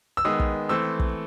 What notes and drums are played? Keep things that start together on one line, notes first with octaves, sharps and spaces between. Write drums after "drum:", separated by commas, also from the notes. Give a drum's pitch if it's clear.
E6
D#3 G#3 B3 D#6
drum: kick
E3 A3 C4 E6
drum: kick